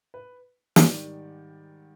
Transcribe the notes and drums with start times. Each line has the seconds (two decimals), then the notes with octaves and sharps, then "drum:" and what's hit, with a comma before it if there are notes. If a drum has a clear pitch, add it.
0.14 B4
0.76 G#2 D#3 G3 D5, drum: snare